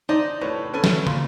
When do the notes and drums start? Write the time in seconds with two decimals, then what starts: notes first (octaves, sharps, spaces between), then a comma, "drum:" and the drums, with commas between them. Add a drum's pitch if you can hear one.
0.09 D#4 C5 D5
0.41 A2 B4 C#5
0.74 C#4 A4 B4
0.84 drum: snare
1.07 A#2, drum: tom